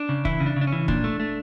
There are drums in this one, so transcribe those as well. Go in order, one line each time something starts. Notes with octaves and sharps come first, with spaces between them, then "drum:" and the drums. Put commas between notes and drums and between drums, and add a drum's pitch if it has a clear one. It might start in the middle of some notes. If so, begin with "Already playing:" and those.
Already playing: D4
C#3
E3 E4, drum: kick
C#3
D4
C#3 D4
C#4
E3
A#2 D4, drum: kick
A3
A3